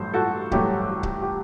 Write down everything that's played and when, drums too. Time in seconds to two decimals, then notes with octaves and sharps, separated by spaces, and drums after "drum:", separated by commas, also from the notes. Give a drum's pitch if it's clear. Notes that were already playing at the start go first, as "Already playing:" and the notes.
Already playing: A1 G2 F#3 A3 C5
0.14 F#4 A4
0.52 A1 G2 F#3 A3 G4, drum: kick C#1
1.03 drum: kick C#1
1.22 G4